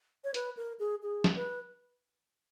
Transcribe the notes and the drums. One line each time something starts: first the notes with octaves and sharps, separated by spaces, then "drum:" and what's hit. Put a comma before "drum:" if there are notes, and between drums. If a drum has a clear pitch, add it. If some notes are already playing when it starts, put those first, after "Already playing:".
C#5
B4, drum: hi-hat
A#4
G#4
G#4
drum: snare
B4